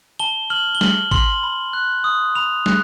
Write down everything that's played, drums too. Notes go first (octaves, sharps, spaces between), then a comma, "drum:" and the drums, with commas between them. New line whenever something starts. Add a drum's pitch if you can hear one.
A5 G7
F6 F#7
G7
F6 F#7, drum: snare
C6 F#7, drum: kick G#1
B5
F#6
D#6
B5 F7
F#6, drum: snare